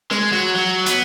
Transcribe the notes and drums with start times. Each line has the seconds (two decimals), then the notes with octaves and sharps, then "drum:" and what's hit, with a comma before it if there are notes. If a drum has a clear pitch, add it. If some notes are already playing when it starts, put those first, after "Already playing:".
0.11 G#3, drum: rim click
0.33 F#3
0.56 F#3
0.86 B3, drum: hi-hat